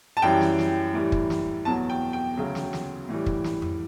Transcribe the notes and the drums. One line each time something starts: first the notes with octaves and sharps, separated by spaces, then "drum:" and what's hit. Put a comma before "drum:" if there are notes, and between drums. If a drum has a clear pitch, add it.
A5
F#2 E3 G3 G5
drum: snare
drum: snare
A2 E3 G3
drum: kick
drum: snare
E2 B2 F#3 A5
G5
G5
D2 C#3 F#3
drum: snare
drum: snare
A2 E3 G3
drum: kick
drum: snare
drum: tom F2